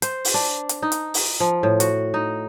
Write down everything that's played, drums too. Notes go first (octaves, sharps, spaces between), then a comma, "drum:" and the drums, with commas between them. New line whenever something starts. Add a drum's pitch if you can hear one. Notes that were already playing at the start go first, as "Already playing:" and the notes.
C5, drum: hi-hat
drum: open hi-hat
D4
drum: hi-hat
D#4
drum: hi-hat
drum: open hi-hat
F3
A2
F#4, drum: hi-hat
D#4